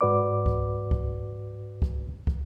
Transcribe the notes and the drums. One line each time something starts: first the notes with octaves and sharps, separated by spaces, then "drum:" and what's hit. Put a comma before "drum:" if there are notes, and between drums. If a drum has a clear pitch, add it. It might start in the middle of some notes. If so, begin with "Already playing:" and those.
G#2 F#4 B4 D5 D6
drum: kick
drum: kick
drum: kick
drum: kick